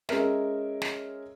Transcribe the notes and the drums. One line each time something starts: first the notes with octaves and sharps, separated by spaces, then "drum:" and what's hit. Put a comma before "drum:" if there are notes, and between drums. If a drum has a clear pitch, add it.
G#3 C#4 A#4 E5, drum: snare
drum: snare